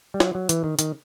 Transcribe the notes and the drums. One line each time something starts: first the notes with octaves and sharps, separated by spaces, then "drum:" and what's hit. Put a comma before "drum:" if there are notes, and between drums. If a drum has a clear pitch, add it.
G3
F#3, drum: snare
F#3
E3, drum: hi-hat
D#3
D#3, drum: hi-hat